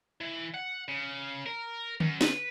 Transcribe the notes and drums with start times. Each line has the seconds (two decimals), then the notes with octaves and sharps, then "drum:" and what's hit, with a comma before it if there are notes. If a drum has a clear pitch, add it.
0.21 E3
0.54 F#5
0.88 C#3
1.46 A#4
2.00 F#2, drum: tom D3
2.21 B4, drum: snare